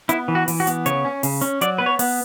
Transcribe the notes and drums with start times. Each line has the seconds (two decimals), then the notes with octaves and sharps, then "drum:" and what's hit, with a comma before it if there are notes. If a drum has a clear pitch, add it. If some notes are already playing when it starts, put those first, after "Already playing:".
0.09 B3 E4, drum: hi-hat
0.28 E3
0.35 F#4
0.48 E3, drum: open hi-hat
0.60 F#4
0.67 B3, drum: hi-hat
0.86 C#3 C#5, drum: hi-hat
1.05 C#4
1.23 C#3, drum: open hi-hat
1.41 C#4, drum: hi-hat
1.61 F#3 D5, drum: hi-hat
1.78 B3 B4
1.86 C#5
1.99 B3, drum: open hi-hat